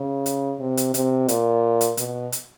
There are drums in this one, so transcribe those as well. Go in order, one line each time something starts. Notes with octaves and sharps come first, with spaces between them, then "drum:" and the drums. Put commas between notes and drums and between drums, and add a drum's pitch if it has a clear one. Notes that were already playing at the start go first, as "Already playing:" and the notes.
Already playing: C#3
drum: hi-hat
C3
drum: hi-hat
C3, drum: hi-hat
A#2, drum: hi-hat
drum: hi-hat
B2, drum: hi-hat
drum: hi-hat